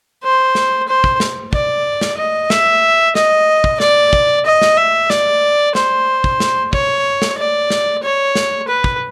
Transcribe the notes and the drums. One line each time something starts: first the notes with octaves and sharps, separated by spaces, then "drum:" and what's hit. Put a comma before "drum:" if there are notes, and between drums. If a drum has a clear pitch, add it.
C5
drum: snare
C5
drum: kick
drum: snare
D5, drum: kick
drum: snare
D#5
E5, drum: snare
D#5, drum: snare
drum: kick
D5, drum: snare
drum: kick
D#5
drum: snare
E5
D5, drum: snare
C5, drum: snare
drum: kick
drum: snare
C#5, drum: kick
drum: snare
D5
drum: snare
C#5
drum: snare
B4
drum: kick